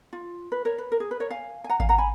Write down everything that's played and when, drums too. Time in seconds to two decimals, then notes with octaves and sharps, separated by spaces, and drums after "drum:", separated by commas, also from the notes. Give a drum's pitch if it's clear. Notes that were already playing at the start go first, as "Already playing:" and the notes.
0.13 F4
0.52 B4
0.65 A#4 C#5
0.78 B4
0.92 A#4
1.00 G#4
1.11 B4
1.20 A#4 C#5
1.30 F5 G#5
1.64 G#5
1.69 F#5 A#5
1.80 F5 G#5, drum: kick G#1
1.89 F#5 A#5
1.98 G#5 B5